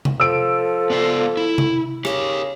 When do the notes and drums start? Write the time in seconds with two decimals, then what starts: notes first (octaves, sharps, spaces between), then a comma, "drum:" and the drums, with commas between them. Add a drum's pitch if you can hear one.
0.05 drum: tom C3
0.20 F3 A4 E6 D7
0.90 B3 D5 F5
1.37 E4
1.58 drum: tom C3
2.05 C#3 G4 A#4, drum: rim click